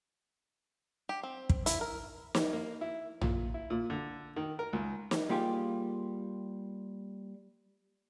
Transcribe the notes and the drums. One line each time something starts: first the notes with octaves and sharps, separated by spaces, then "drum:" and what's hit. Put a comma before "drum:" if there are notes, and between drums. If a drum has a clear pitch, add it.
G4
C4
drum: kick
E4, drum: hi-hat
A#4
drum: snare
A#3
E4
A#2, drum: tom A#1
E4
A#2
D3
D#3
A#4
C#2
drum: snare
G3 A#3 F4 G4 G#4